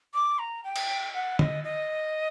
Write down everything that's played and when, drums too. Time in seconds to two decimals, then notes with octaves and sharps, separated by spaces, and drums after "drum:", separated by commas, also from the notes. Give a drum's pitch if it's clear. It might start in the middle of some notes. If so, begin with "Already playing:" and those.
0.14 D6
0.39 A#5
0.64 G5
0.76 drum: cymbal
1.14 F#5
1.39 D#5, drum: tom
1.64 D#5